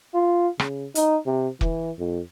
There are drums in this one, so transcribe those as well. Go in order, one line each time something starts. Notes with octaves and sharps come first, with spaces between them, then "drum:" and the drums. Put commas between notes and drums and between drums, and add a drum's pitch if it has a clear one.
F4
C#3, drum: rim click
D#4, drum: hi-hat
C3
E3, drum: kick
F2